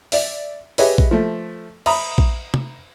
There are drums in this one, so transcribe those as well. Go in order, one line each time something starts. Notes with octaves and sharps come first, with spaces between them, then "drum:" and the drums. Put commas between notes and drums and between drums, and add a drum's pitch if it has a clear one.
D5 E5, drum: open hi-hat
G4 G#4 B4 C#5 D#5 E5, drum: open hi-hat
drum: kick A#1
F3 A3
E5 A#5 B5 D#6, drum: cymbal
drum: kick A#1
drum: tom